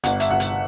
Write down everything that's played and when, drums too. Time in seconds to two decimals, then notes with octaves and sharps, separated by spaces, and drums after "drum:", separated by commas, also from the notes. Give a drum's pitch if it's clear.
0.04 G1 F#5, drum: hi-hat
0.20 E5, drum: hi-hat
0.30 G1 F#5
0.40 drum: hi-hat